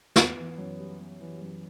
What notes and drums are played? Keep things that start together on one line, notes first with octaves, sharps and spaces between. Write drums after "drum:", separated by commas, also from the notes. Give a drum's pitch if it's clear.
B3, drum: snare
E3
F#2
G3
B3
E3
F#2